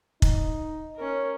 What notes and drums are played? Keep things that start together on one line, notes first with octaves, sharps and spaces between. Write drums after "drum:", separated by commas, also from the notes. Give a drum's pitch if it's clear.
D#4, drum: kick
C#4 A#4